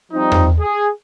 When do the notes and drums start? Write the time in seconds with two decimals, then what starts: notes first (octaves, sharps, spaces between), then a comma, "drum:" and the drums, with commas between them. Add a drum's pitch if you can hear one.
0.12 F3 G3 C4 D#4
0.32 drum: tom E2
0.60 G#4